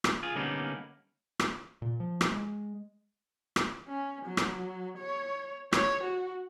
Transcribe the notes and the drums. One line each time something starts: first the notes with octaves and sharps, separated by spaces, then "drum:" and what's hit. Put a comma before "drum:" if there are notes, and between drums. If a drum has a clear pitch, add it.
drum: rim click
F4 G#4
D3 G3 A#3 B3 C#4 D#4
drum: rim click
A#2
F3
drum: rim click
G#3
drum: rim click
C#4
F#3
drum: rim click
C#5
C#5, drum: rim click
F#4